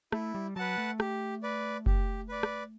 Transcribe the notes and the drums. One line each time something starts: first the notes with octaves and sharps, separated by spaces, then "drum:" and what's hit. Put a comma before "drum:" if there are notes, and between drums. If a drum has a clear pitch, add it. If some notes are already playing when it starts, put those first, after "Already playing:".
A3 E4, drum: rim click
G3
F#3 B4 F#5 A5
A3
G4, drum: rim click
B4 D5
G4, drum: kick F#1
B4 D5
drum: rim click